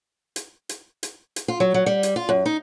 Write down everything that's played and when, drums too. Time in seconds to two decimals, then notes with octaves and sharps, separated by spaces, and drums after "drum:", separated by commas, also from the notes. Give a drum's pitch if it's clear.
0.36 drum: hi-hat
0.69 drum: hi-hat
1.03 drum: hi-hat
1.36 drum: hi-hat
1.48 F4
1.60 F#3
1.74 F#3
1.86 G3
2.03 drum: hi-hat
2.16 F4
2.29 F#2
2.46 D#4